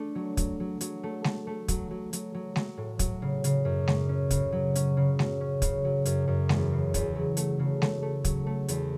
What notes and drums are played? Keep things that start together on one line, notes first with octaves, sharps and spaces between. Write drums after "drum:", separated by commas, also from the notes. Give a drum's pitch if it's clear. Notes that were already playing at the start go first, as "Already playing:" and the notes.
Already playing: A3 D4
F#3
F#3, drum: kick, hi-hat
F#3
F#3, drum: hi-hat
A3
A3, drum: snare G#3
A3
F#3, drum: kick, hi-hat
F#3
F#3, drum: hi-hat
F#3
F#3, drum: snare G#3
A2
F#3, drum: kick, hi-hat
C#3
C#3, drum: hi-hat
F#2
C#4, drum: snare G#3
C#4
C#3, drum: kick, hi-hat
F#3
C#4, drum: hi-hat
C#3
F#3, drum: snare G#3
C#4
C#3, drum: kick, hi-hat
F#3
F#2, drum: hi-hat
F#2
E2, drum: snare G#3
C#3
E2, drum: kick, hi-hat
F#3
A3, drum: hi-hat
C#3
A3, drum: snare G#3
A3
F#3, drum: kick, hi-hat
A3
E2, drum: hi-hat